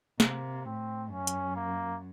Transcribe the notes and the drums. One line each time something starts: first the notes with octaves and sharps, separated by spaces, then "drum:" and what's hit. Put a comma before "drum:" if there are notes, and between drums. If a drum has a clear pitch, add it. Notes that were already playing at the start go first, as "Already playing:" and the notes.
C3 A#3, drum: snare
A2 C4
F#2 C#4
drum: hi-hat
A#3